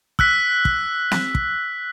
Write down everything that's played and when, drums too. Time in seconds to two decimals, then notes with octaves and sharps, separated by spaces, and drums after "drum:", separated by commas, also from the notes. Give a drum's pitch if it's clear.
0.19 E6 F#6 B6, drum: kick
0.65 drum: kick
1.11 drum: snare
1.35 drum: kick